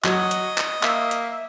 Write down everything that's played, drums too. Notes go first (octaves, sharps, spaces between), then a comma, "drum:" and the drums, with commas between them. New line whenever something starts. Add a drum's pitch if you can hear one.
F#3 F#4 D#5, drum: clap
drum: hi-hat
drum: clap
A#3 E5, drum: clap
drum: hi-hat